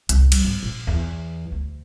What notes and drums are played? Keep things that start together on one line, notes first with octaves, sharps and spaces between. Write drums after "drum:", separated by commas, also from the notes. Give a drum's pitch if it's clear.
C2, drum: hi-hat
G3, drum: cymbal
G#1
A#1
E2
D2